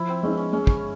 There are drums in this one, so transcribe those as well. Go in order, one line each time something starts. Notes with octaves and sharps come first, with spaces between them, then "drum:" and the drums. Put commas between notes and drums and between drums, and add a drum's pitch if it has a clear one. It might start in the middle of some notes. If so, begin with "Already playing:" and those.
Already playing: F3 E4
C4
G#3 B3 C#4 D#4
C#4
G#3 C#4
drum: kick